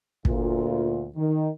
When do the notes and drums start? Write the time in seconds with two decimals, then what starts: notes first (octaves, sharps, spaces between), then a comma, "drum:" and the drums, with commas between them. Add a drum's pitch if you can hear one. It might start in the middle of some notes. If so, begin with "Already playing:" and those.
0.25 D2 A#2 F4, drum: kick
1.16 D#3